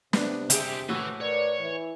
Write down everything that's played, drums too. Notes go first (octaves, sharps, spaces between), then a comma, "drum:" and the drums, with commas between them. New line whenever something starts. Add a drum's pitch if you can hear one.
C3 B3 D4, drum: snare
D3 G4 G#4 E5, drum: hi-hat
A2 F#4 B4 G#5 E6
A#4 B4 C#5 D5
E3